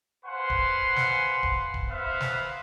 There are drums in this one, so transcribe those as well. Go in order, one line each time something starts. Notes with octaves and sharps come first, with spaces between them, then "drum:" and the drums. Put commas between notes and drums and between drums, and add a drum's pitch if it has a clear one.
B4 C5 F5 F#5 G#5 C6
drum: kick D1
drum: snare
drum: kick D1
drum: kick D1
B3 C5 E5 F5
drum: snare